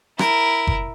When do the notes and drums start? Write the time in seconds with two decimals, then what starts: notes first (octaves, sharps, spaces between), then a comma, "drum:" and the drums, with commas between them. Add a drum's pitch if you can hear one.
0.19 E4 A#4, drum: rim click
0.67 drum: kick F#1